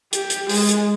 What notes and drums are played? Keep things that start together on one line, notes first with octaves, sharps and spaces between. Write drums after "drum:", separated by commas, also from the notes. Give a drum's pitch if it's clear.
G4, drum: hi-hat
drum: hi-hat
G#3, drum: open hi-hat
drum: hi-hat